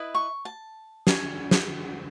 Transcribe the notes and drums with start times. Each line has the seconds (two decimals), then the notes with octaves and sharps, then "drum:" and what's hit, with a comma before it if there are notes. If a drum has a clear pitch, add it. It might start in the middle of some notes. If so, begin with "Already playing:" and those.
Already playing: E4 B4 D#5
0.15 C#6
0.45 A5
1.07 G#4 C#5, drum: snare
1.51 drum: snare